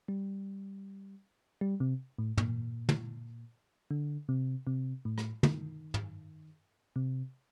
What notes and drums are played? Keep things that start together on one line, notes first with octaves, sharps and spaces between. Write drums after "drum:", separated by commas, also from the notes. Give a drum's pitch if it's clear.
G3
G3
C3
A2
A#2, drum: tom
drum: tom
D3
C3
C3
A2
drum: rim click
D#3, drum: tom
drum: tom
C3